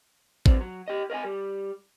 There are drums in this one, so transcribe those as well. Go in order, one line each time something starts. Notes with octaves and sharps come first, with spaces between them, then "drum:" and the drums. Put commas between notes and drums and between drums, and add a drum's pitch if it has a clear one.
G2 C4 D4, drum: kick A1
F#3
G4 D#5
A#4 D#5 F5 G#5
G3